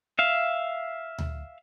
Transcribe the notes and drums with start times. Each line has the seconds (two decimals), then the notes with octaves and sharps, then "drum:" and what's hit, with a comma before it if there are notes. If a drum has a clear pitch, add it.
0.19 E5 F5
1.18 drum: tom D2